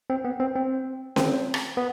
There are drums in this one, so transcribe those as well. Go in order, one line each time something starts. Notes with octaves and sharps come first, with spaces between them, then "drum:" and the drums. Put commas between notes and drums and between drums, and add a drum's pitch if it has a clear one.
C4
B3
C4
C4
C4, drum: snare C#4
drum: rim click
B3